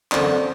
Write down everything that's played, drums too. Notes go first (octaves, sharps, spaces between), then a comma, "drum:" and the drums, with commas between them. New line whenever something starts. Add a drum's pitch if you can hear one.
F#2 D3 C4 D4, drum: clap